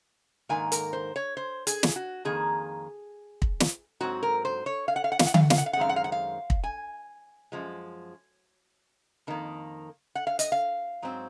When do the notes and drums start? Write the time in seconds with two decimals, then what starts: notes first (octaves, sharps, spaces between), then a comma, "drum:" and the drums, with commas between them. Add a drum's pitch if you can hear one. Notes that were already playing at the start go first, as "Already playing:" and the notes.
0.49 G#2 D#3 A#3 G#5
0.72 A#4, drum: hi-hat
0.93 C5
1.16 C#5
1.37 C5
1.67 G#4, drum: hi-hat
1.83 drum: snare
1.96 F#4
2.25 F2 D#3 A#3 G#4
3.42 drum: kick
3.60 drum: snare
4.00 G#2 F#3 C4 F#4
4.23 A#4
4.45 C5
4.66 C#5
4.88 F5
4.96 F#5
5.04 F5
5.12 F#5
5.19 F5, drum: snare
5.26 F#5
5.34 F5, drum: tom D3
5.43 F#5
5.50 F5, drum: snare
5.58 F#5
5.66 F5
5.73 F#5
5.76 F#2 D#3 G#3 C4 F5
5.89 F#5
5.96 F5
6.04 F#5
6.12 F5
6.50 drum: kick
6.64 G#5
7.52 F#2 F3 G#3
9.27 F2 D#3 A#3
10.15 F#5
10.27 F5
10.39 D#5, drum: hi-hat
10.52 F5
11.02 G#2 F#3 C4